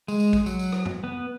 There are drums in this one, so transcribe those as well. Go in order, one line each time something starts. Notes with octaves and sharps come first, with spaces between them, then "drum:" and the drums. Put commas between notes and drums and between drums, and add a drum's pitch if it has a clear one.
G#3, drum: tambourine
drum: tambourine
drum: kick, tambourine
F#3, drum: tambourine
drum: tambourine
drum: rim click
drum: tom F#2
B3